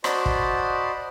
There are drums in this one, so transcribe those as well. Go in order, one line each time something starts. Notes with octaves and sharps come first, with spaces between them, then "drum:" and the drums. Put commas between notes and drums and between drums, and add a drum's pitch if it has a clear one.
F#4 C5 D5 D#5 A5 B5, drum: rim click
drum: kick